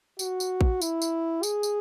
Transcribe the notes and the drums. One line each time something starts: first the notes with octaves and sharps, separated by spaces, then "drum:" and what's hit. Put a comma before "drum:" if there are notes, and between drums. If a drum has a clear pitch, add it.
F#4, drum: tambourine
drum: tambourine
drum: kick A1
E4, drum: tambourine
drum: tambourine
G#4, drum: tambourine
drum: tambourine